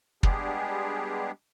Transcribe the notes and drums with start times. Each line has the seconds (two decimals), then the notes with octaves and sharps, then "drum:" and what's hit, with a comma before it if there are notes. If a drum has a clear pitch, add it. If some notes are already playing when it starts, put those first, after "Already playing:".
0.23 G3 G#3 B3 D4 G4 G#4, drum: kick